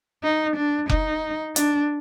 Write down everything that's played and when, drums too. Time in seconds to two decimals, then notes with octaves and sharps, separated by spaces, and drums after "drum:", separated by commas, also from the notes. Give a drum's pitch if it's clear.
0.24 D#4
0.56 D4
0.89 D#4, drum: kick F1
1.56 D4, drum: hi-hat